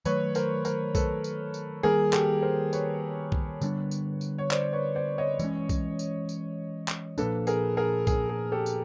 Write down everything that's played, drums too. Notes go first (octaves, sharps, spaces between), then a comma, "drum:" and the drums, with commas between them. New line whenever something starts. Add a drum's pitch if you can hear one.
D#3 F#3 A3 B4 C#5, drum: tambourine
A#4 C5, drum: tambourine
A#4 C5, drum: tambourine
A4 B4, drum: kick B1, tambourine
drum: tambourine
drum: tambourine
D#3 G3 A#3 G#4 A#4
G4 A4, drum: clap
A#4 C5
B4 C#5, drum: tambourine
drum: kick B1
D3 G3 B3 D4, drum: tambourine
drum: tambourine
drum: tambourine
C#5
C5 D5, drum: clap
B4 C#5
C5 D5
C#5 D#5
E3 G#3 C#4, drum: tambourine
drum: kick B1, tambourine
drum: tambourine
drum: tambourine
drum: clap
A#2 F3 A#3 D4 A4 B4, drum: tambourine
G#4 A#4, drum: tambourine
G#4 A#4
G#4, drum: kick B1, tambourine
G#4
G4 A4
drum: tambourine